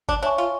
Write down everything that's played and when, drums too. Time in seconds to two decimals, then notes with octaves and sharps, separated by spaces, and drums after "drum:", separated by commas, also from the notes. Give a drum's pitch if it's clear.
0.09 D4, drum: kick
0.22 D4 C#5 E5 G#5 C#6
0.38 F4